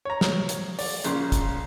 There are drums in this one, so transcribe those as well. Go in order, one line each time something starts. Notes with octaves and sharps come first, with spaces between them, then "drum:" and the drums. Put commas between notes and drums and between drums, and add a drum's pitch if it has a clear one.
C#5 A#5
drum: snare
drum: hi-hat
D5, drum: open hi-hat
A#1 C#3 C6, drum: hi-hat
drum: kick, hi-hat